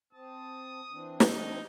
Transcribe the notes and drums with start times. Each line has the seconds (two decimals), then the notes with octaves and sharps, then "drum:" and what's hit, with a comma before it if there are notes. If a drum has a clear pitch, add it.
0.13 C4 A5 D#6
0.91 E3 C4 D4
1.20 D#4, drum: snare